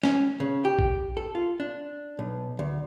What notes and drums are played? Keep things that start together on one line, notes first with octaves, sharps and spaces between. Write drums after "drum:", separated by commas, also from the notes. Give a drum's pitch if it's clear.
C#4, drum: snare
C#3
G4
drum: kick A#1
A4
F4
D4
B1
D2